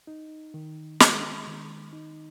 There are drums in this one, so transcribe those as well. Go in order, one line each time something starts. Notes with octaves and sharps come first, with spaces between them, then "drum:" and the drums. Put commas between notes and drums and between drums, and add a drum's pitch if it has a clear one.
D#4
D#3
G#3, drum: snare
D#3
D#4